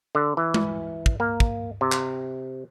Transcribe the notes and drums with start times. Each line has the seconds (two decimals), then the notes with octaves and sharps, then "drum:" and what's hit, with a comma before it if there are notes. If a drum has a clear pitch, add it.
0.15 D3
0.37 E3
0.54 drum: tom G#3
1.06 drum: kick
1.20 A#3
1.40 drum: kick
1.81 C3
1.92 drum: clap